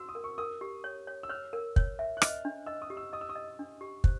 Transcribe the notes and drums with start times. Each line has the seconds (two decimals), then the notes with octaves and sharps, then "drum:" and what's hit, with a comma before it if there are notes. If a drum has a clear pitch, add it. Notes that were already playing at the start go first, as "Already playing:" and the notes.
Already playing: F#4 E6
0.09 D#6
0.15 A#4
0.24 C#6
0.38 A#4 D#6
0.61 G4
0.84 C#5
1.07 C#5
1.23 E6
1.29 C#5 F6
1.53 A#4
1.76 C#5, drum: kick
1.99 E5
2.17 F#6
2.22 D#5 F6, drum: rim click
2.45 D4
2.66 D#5 E6
2.82 D#6
2.90 G4
2.97 E6
3.13 D#5 D#6
3.21 E6
3.29 D#6
3.36 D#5
3.59 D4
3.81 G4
4.04 C5, drum: kick